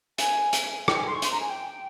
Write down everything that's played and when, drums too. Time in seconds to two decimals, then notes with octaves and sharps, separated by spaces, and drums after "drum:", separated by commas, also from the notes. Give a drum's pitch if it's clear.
0.18 G#5, drum: hi-hat
0.53 drum: hi-hat
0.88 G5, drum: rim click
0.96 G#5
1.06 C6
1.14 C#6
1.22 C6, drum: hi-hat
1.31 A#5
1.40 G#5
1.49 G5